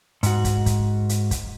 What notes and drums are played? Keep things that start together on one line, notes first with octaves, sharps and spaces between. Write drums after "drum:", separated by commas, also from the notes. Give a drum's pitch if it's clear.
G#2 F#4, drum: hi-hat
drum: kick, hi-hat
drum: kick, hi-hat
drum: hi-hat
drum: kick, hi-hat